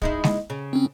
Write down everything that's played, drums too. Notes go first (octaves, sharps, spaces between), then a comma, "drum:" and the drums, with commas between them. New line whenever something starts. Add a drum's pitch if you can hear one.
G#3 D#4 E4, drum: kick
drum: snare G#3
C#3
C4 C#4